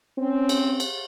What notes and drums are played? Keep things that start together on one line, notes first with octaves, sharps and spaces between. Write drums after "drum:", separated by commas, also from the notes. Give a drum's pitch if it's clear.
C4 C#4
drum: cymbal
drum: cymbal